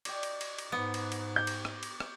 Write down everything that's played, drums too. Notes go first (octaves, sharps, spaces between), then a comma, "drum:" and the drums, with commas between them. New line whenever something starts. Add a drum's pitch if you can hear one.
D5 D#5 G5, drum: cymbal
drum: cymbal
drum: cymbal
drum: cymbal
G#2 B3
drum: cymbal
drum: cymbal
G4 G6
drum: cymbal
drum: rim click
drum: cymbal
drum: rim click